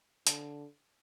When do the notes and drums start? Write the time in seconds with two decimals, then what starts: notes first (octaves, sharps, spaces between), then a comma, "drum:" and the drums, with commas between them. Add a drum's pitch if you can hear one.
0.27 D3, drum: hi-hat